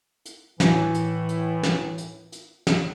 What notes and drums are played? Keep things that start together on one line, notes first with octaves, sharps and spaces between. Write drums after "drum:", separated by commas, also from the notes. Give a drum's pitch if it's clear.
drum: hi-hat
A2 E3, drum: snare
drum: hi-hat
drum: hi-hat
drum: snare
drum: hi-hat
drum: hi-hat
drum: snare